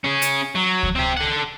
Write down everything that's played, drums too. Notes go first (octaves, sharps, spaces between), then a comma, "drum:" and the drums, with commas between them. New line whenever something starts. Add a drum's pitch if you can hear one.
C#4 G#4
drum: hi-hat
F#3
drum: kick C#2
C4 G4
A4 F#5